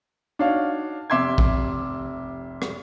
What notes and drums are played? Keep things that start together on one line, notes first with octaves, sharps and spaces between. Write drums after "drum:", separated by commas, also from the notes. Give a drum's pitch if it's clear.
D4 D#4 F#4 C#5 F5
F1 C3 E5 C6 D6 G#6
drum: kick A#1
drum: rim click